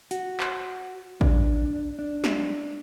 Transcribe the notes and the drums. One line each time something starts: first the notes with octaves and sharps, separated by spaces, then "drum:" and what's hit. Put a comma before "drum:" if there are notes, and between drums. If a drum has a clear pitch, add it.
F#4, drum: hi-hat
drum: clap
D4, drum: kick A1
D4
drum: snare